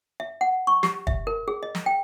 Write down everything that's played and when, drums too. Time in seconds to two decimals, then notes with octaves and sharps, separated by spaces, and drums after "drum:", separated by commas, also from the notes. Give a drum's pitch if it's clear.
0.20 E5
0.41 F#5
0.67 C#6
0.83 G4, drum: snare
1.07 E5, drum: kick
1.27 A#4
1.48 G#4
1.63 D#5
1.75 drum: snare
1.86 G5